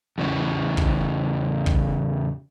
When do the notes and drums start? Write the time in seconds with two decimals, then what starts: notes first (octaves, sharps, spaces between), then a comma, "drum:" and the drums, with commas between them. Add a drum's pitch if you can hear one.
0.18 E2 C#3 E3
0.77 drum: kick
1.66 drum: kick